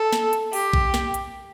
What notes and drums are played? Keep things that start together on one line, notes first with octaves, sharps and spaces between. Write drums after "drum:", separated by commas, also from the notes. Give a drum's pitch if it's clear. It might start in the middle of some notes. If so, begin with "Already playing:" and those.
Already playing: A4
drum: snare
drum: hi-hat
G4, drum: open hi-hat
drum: kick A#1
drum: snare
drum: hi-hat